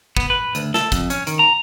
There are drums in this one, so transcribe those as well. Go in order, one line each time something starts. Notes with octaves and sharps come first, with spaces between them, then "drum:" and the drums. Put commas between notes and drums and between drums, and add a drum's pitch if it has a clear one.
B3, drum: kick
B4
D2, drum: hi-hat
A4, drum: snare
F2, drum: kick, hi-hat
C#4, drum: hi-hat
D#3, drum: hi-hat
A#5